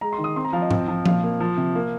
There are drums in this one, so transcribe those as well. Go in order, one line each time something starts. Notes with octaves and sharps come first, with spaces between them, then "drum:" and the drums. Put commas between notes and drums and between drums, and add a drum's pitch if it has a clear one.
G#3 A#5
C6
D#3
D#6
C4 C6
A#5
F3 F5
D#5
C4, drum: tom G#2
F3
A#2 F5, drum: tom F3
A#3
F3
C3
A#3